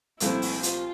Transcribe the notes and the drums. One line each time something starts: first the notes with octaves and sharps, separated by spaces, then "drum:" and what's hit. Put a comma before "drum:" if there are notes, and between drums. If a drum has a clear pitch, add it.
C2 A#2 F3 A3 C4 E4, drum: hi-hat
drum: open hi-hat
F4, drum: hi-hat